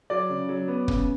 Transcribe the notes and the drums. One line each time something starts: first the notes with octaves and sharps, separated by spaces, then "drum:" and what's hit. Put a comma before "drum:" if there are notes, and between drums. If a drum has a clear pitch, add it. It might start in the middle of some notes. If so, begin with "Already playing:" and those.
F#3 D5
C#3
F#3
B3
C#3, drum: kick